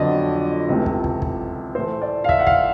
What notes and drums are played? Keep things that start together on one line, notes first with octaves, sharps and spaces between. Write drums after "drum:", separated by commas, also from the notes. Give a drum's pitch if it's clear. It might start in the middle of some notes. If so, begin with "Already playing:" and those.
Already playing: F2 D3 F#3 B3 D5 D#5
C#2 C3 E3 A3
drum: kick
drum: kick
drum: kick
A2 E3 A3 C5
D5
F5
E5, drum: kick
F#5
F5, drum: kick